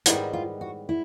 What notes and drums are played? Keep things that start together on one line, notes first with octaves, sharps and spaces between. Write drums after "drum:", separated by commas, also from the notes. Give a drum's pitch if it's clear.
G#2 D#3 G3 B3 E4, drum: hi-hat
F4
F#4
E4